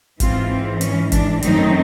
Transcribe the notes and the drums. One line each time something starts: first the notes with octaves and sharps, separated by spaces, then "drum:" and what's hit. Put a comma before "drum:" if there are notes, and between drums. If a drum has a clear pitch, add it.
G#2 E3 G#3 C4 F4, drum: kick F#1, hi-hat
C4
C#4, drum: hi-hat
D4, drum: kick F#1, hi-hat
F#2 D#3 F#3 A3 C4 D#4, drum: hi-hat